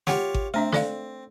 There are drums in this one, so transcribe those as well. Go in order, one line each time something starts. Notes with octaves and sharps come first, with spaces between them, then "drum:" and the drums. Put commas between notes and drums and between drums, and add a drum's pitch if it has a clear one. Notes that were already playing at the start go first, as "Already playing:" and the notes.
F4 G4 C#5 F#5 G5, drum: snare
drum: kick G#1
A3 C4 D4 E5
A4 D5 F5, drum: snare